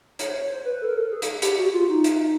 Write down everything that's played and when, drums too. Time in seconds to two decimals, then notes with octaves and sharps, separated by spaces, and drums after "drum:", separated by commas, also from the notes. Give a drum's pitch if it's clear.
0.19 C#5, drum: hi-hat
0.28 C5
0.35 C#5
0.50 C5
0.65 B4
0.82 A4
0.88 A#4
0.96 A4
1.11 G#4
1.22 drum: hi-hat
1.42 G4, drum: hi-hat
1.58 F#4
1.73 F4
1.89 D#4
2.04 drum: hi-hat